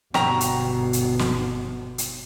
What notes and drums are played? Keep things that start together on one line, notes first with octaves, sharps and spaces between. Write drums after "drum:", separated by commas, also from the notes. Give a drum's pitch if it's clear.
G1 B2 F#3 G4 A#5, drum: snare
drum: hi-hat
drum: hi-hat
drum: snare
drum: hi-hat